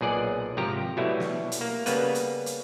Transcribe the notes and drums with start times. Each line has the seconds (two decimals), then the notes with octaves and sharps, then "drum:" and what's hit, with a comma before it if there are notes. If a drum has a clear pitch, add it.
0.01 B1 A#2 G#4 D5 F#5
0.57 G#1 C3 F3 G4 A#5
0.97 B2 F#3 G3 A3 E4
1.20 drum: snare
1.52 drum: hi-hat
1.61 A#3
1.86 C#3 G3 A#3 B3 B4, drum: hi-hat
2.15 drum: hi-hat
2.46 drum: hi-hat